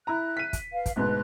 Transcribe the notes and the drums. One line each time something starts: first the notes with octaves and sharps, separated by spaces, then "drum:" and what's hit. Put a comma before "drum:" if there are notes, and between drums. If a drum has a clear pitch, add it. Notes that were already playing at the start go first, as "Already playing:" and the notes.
E4 E5 A#5 F#6
B6 D#7
drum: kick, hi-hat
B4 F5
drum: kick, hi-hat
D2 G#2 B2 B4 F#6